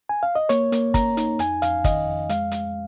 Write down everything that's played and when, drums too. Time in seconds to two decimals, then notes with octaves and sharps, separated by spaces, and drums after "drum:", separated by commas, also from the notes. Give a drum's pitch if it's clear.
0.09 G#5
0.23 F5
0.35 D#5
0.49 A#3 C#5, drum: hi-hat
0.72 A#3, drum: hi-hat
0.94 A#3 A#5, drum: kick, hi-hat
1.17 D#4, drum: hi-hat
1.39 F2 G#5, drum: hi-hat
1.62 F2 F5, drum: hi-hat
1.84 D#3 D#5, drum: kick, hi-hat
2.07 F2
2.29 G#3 F5, drum: hi-hat
2.51 G#3, drum: hi-hat